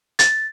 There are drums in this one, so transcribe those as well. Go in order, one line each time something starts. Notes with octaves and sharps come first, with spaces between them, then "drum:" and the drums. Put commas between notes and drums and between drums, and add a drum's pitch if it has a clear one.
A6, drum: hi-hat